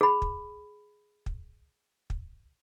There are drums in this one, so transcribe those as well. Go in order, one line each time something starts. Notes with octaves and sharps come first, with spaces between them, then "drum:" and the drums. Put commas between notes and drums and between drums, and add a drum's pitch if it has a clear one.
G#4 B5
drum: kick
drum: kick
drum: kick